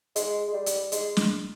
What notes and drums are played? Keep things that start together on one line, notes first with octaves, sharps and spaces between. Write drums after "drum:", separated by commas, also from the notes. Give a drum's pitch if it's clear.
G#3, drum: hi-hat
G#3
G3
drum: hi-hat
G#3, drum: hi-hat
drum: snare